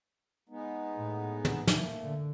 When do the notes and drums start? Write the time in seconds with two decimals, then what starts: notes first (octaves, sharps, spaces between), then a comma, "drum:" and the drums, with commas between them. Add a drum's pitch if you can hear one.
0.49 G#3 B3 D#4
0.96 A2
1.45 drum: tom
1.67 A#2 A3, drum: snare
2.03 D3